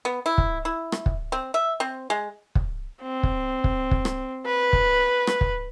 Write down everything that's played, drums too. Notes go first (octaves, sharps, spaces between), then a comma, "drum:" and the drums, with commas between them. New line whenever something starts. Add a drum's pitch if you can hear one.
B3
E4
drum: kick
E4
drum: rim click
drum: kick
C4
E5
C4
G#3
drum: kick
C4
drum: kick
drum: kick
drum: kick
drum: rim click
B4
drum: kick
drum: rim click
drum: kick